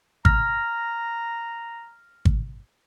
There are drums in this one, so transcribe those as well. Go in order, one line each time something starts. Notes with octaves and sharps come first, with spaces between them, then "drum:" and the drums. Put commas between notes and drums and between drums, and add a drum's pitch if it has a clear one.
A#5 F6 A#6, drum: kick
drum: kick